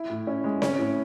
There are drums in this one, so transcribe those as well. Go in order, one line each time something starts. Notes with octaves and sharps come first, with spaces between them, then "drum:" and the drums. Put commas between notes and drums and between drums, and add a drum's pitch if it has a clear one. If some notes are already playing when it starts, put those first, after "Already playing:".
Already playing: E4
A2
C#4
G#3
C#4, drum: snare C4
A2